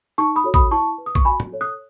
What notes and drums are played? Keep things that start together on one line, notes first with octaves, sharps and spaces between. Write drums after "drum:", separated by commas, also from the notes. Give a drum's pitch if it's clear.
D#4 A5 C#6
B5 D#6
F#4 A4 C#5
B5 D#6, drum: kick A1
E4 A5 C#6
B4
D#6
C#6, drum: kick A1
F#4 G#5 B5
drum: tom
A4 C#5
D#6 F#6